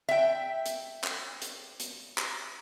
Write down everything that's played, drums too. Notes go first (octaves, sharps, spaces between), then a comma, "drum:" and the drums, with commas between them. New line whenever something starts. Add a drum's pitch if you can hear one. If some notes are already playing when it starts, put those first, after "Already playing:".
E5 G5
drum: hi-hat
drum: clap
drum: hi-hat
drum: hi-hat
drum: clap